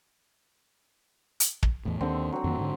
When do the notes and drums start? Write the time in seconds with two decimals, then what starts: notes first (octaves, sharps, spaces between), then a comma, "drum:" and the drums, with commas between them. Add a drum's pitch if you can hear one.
1.40 drum: hi-hat
1.63 drum: kick
1.85 E2 A2
2.01 D#2 D3 C4
2.32 F#3 C4
2.44 F2 D#3 A#3
2.57 G#2 D3